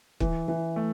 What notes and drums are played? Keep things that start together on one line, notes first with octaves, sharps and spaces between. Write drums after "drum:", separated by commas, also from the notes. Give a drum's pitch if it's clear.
E3, drum: kick
E3
A3